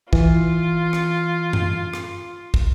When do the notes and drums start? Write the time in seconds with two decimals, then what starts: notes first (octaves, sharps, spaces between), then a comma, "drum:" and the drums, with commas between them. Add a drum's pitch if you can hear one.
0.13 E3 F4, drum: kick
0.93 drum: rim click
1.53 drum: tom F#2
1.94 drum: rim click
2.54 drum: kick